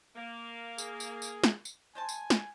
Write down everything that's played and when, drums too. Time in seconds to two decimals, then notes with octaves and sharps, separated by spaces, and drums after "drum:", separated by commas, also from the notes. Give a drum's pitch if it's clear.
0.16 A#3
0.78 G#4, drum: tambourine
1.00 drum: tambourine
1.22 drum: tambourine
1.44 drum: snare
1.65 drum: tambourine
1.95 G#3 C5 G#5 A5
2.09 drum: tambourine
2.30 drum: snare